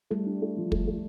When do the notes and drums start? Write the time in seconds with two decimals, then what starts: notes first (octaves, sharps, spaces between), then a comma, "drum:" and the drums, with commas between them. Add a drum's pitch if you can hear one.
0.10 G3 A3
0.26 D4
0.42 A3
0.57 F3
0.72 A3, drum: kick
0.87 A3